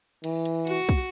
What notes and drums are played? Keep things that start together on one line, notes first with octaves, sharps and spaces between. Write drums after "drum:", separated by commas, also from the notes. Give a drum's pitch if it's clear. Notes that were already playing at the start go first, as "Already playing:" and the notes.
E3, drum: cymbal
drum: cymbal
F#4, drum: cymbal
drum: kick, cymbal